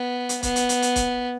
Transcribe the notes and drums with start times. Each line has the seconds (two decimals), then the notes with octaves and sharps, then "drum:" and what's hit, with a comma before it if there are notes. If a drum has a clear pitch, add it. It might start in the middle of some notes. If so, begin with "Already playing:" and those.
Already playing: B3
0.29 drum: hi-hat
0.43 B3, drum: kick C#1, hi-hat
0.56 drum: hi-hat
0.69 drum: hi-hat
0.82 drum: hi-hat
0.96 drum: kick C#1, hi-hat